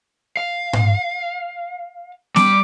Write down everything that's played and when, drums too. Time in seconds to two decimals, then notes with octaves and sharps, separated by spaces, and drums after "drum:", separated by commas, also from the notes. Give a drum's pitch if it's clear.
0.37 F5
0.73 drum: tom G#2
2.36 G3 D6, drum: snare B3